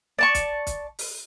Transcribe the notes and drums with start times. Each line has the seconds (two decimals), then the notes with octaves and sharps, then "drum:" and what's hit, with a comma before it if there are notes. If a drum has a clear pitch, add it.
0.19 D5 A5 C#6
0.35 drum: kick, hi-hat
0.67 drum: kick, hi-hat
0.99 drum: open hi-hat